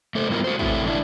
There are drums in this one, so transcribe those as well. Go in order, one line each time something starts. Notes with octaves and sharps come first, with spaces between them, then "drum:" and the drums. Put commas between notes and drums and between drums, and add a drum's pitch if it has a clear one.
A3 A4 C5
G3 B3 E4 F4 A#4
F#4 C5
C3 E3 A3 E4, drum: kick
E3 D4 E4